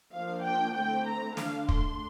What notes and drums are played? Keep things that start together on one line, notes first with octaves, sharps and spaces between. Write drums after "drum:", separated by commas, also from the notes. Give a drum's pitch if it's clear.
F3 A#3 D4 F5
G5
D3 A3 C4 E4 G5
A#5
D3 A3 D4 F5, drum: snare
C6, drum: kick